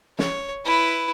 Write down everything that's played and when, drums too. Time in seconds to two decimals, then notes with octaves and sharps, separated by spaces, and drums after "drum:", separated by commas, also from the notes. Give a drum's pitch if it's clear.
0.19 C#5, drum: snare
0.65 E4 B4